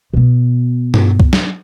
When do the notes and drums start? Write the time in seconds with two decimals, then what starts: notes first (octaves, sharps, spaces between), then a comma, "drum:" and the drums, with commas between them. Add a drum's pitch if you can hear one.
0.14 B2 B3
0.94 drum: tom G2
1.20 drum: kick C2
1.33 drum: snare